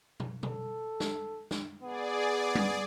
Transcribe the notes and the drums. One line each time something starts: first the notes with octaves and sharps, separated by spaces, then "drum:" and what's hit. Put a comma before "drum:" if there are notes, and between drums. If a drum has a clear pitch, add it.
drum: tom B2
A4, drum: tom B2
drum: snare
drum: snare
B3 G#4 D5
drum: tom G3